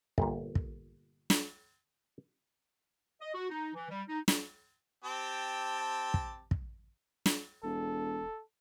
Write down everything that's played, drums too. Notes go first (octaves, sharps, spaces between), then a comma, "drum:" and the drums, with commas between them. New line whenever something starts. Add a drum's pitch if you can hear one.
G1 A#2, drum: kick
drum: kick
drum: snare
D#5
F#4
D#4
E3
G3
D#4
drum: snare
C4 G4 A5
drum: kick
drum: kick
drum: snare
E1 A4